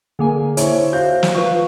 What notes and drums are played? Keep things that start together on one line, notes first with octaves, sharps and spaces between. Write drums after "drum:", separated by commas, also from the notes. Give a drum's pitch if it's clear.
D3 A#3 G#4 A#4 G#5
E4 C5 C#5, drum: hi-hat
F#4 C5 F5 G6
drum: snare
F3 B4 F5 C#6